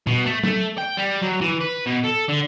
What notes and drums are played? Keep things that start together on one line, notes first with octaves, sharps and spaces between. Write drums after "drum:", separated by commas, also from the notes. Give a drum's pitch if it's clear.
B2, drum: tom A#2
A3
A3, drum: tom F#3
G5
G3
F#3
E3
B4
B2
A4
D3